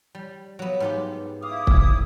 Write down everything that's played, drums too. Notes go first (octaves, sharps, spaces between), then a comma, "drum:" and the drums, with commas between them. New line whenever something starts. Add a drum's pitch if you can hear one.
G3
F#3 B3
G#2 B3 G4
E4 F5 D6 D#6
drum: kick C#1